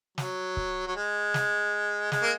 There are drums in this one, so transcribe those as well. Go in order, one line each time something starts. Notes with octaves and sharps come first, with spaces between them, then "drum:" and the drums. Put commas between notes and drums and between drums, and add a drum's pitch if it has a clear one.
F#3, drum: snare
drum: kick C#1
F#3
G#3
drum: snare
G#3, drum: snare
A#3